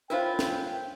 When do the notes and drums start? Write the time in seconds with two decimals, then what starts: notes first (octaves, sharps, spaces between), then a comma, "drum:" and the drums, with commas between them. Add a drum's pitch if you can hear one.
0.10 C#4 E4 F4 A#4 C5 G5
0.39 drum: snare